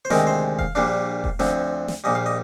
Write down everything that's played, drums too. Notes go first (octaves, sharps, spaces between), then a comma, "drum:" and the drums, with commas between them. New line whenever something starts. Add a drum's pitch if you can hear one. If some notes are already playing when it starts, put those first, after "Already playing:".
C5
D2 C3 D#3 G#3 C4 A#4, drum: snare
C5
F5, drum: kick E1
A#1 A#2 G3 D4 F5
drum: kick E1
D2 D3 F3 C4, drum: snare
drum: snare
A#1 A#2 G3 D#5
F5
D#5